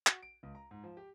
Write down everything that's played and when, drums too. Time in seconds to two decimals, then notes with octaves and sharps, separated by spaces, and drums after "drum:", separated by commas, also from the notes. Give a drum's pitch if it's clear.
0.07 F#4, drum: clap
0.22 D7
0.43 C#2
0.55 A#5
0.71 G#2
0.84 F3
0.97 G4